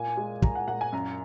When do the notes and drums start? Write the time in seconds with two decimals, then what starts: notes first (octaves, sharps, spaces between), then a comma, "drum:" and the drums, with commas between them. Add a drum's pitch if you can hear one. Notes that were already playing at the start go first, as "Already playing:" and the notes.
Already playing: A#2 G#5
0.17 G#3
0.42 G#3 A#5, drum: kick
0.55 F#5
0.68 A#2 F#5
0.81 G#5
0.92 F#2 A#5